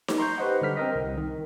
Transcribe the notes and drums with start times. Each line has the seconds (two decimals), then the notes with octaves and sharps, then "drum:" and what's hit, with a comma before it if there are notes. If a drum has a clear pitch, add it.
0.08 drum: snare D#4
0.18 A#5 C6 C#6 G6
0.38 G4 B4 C5 D#5 F#5
0.62 D3 G3 F6 B6
0.77 C4 A#4 D#5
0.95 C2
1.17 D#3